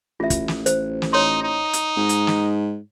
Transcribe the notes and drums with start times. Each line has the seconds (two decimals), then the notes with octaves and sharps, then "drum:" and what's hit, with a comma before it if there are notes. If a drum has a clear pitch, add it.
0.20 A1 F4 E5
0.30 drum: kick, hi-hat
0.48 drum: snare
0.66 C5, drum: hi-hat
1.02 drum: snare
1.13 D#4 C#5 C6
1.43 D#4
1.73 drum: hi-hat
1.97 G#2
2.09 drum: hi-hat
2.27 drum: snare